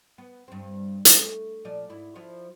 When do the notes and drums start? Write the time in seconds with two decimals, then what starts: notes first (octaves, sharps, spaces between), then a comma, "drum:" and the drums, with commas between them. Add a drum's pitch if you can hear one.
0.18 B3
0.48 G2 C4
1.05 A3, drum: hi-hat
1.65 A#2 F3 D5
1.90 G#2 E4
2.16 F3 E4